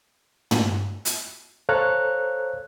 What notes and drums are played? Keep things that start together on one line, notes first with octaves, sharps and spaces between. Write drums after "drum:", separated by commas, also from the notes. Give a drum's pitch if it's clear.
drum: tom
drum: hi-hat
A4 C5 C#5 F5 A#5 F#6